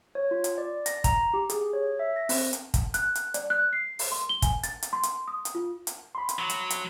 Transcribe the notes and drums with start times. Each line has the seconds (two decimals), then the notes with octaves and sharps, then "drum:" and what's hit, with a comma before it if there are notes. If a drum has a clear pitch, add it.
0.15 C#5
0.31 F4
0.44 drum: hi-hat
0.58 D5
0.86 A#6, drum: hi-hat
1.04 A#5, drum: kick, hi-hat
1.34 G4
1.50 G#4, drum: hi-hat
1.73 C#5
1.99 E5
2.16 A#6
2.29 C4, drum: open hi-hat
2.53 drum: hi-hat
2.74 drum: kick, hi-hat
2.94 F#6, drum: hi-hat
3.15 drum: hi-hat
3.34 D5, drum: hi-hat
3.50 F#6
3.73 C7
3.99 drum: open hi-hat
4.12 C6
4.29 G7
4.42 G#5, drum: kick, hi-hat
4.63 A6, drum: hi-hat
4.83 drum: hi-hat
4.93 C6
5.03 drum: hi-hat
5.28 D#6
5.45 drum: hi-hat
5.55 F4
5.87 drum: hi-hat
6.15 B5 C6
6.29 drum: hi-hat
6.39 F#3
6.50 drum: hi-hat
6.70 drum: hi-hat